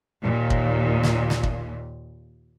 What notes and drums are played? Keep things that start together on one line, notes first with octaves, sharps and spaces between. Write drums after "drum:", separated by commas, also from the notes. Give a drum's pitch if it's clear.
D#2 A#2
drum: kick
drum: snare
drum: snare
drum: kick